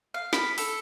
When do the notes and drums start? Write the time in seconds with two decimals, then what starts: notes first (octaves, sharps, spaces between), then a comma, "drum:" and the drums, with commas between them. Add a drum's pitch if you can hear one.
0.14 F5
0.33 B5, drum: snare
0.58 A4, drum: open hi-hat